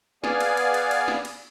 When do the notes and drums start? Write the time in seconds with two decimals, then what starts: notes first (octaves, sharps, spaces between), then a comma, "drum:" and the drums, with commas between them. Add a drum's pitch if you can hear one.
0.24 B3 G#4 D5 F5 G#5, drum: snare
0.40 drum: cymbal
0.57 drum: cymbal
0.74 drum: cymbal
0.91 drum: cymbal
1.08 drum: snare
1.25 drum: cymbal